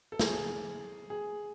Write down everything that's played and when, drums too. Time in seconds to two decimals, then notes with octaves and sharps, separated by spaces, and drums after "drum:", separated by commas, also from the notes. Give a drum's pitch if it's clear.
0.12 A4
0.19 G#4, drum: snare
1.10 G#4